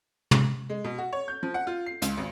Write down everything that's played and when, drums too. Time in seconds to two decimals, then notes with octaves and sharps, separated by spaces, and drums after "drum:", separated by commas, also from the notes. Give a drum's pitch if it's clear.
0.31 drum: tom
0.69 G#3
0.85 B2
0.98 F#4
1.13 C#5
1.28 G6
1.43 F3
1.54 F#5
1.67 F4
1.86 C7
2.02 C#2, drum: hi-hat
2.17 G#1